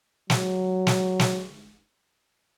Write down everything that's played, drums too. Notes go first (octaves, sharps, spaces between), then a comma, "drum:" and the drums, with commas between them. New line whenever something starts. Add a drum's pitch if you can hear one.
F#3, drum: snare
drum: snare
drum: snare